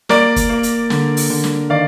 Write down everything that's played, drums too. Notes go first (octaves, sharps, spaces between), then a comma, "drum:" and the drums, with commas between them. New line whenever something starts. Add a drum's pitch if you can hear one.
A#3 A#4 D5, drum: snare
drum: kick, hi-hat
A#3
drum: hi-hat
D3, drum: snare
drum: open hi-hat
D3
drum: snare
D#3 D5 F5